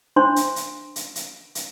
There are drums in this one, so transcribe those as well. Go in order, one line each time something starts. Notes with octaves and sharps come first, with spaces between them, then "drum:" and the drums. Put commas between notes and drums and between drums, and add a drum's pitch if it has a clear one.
D4 C5 C6
drum: hi-hat
drum: hi-hat
drum: hi-hat
drum: hi-hat
drum: hi-hat